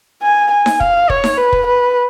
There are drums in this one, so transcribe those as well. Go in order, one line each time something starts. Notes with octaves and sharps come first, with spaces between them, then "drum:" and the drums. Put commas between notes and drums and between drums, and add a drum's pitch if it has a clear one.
G#5
G#5
drum: snare D#4
F5, drum: kick
C#5, drum: kick
drum: snare D#4
B4
drum: kick
B4